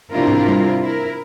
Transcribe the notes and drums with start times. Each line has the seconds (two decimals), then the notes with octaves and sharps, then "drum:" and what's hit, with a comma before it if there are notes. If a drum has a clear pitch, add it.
0.11 C3 D4 E4 F4 A#4
0.28 drum: tom
0.48 drum: tom G3
0.83 E4 A#4